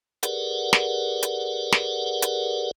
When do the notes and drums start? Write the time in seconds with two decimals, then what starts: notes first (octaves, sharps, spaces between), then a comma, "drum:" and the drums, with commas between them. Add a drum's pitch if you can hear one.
0.23 G4 G#4 A#4 B4 D5 F#5, drum: hi-hat
0.73 drum: snare
1.23 drum: hi-hat
1.72 drum: snare
2.22 drum: hi-hat